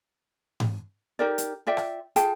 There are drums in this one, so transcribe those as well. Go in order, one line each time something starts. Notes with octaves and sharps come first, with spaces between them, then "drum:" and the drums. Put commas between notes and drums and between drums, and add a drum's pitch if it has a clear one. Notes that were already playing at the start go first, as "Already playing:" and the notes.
drum: tom G#2
D#4 G4 A#4 D5
drum: hi-hat
F4 D5 E5 G5
drum: rim click
F4 G#4 G5 A5, drum: hi-hat